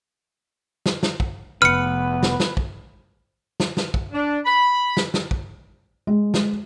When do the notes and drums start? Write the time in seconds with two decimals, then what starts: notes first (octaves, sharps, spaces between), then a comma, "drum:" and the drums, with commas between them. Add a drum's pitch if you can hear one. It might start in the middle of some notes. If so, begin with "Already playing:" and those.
0.86 drum: snare
1.03 drum: snare
1.20 drum: kick
1.62 F1 B3 B4 F6 C#7
2.23 drum: snare
2.40 drum: snare
2.57 drum: kick
3.60 drum: snare
3.77 drum: snare
3.94 drum: kick
4.13 D4
4.45 B5
4.97 drum: snare
5.14 drum: snare
5.31 drum: kick
6.07 G#3
6.34 drum: snare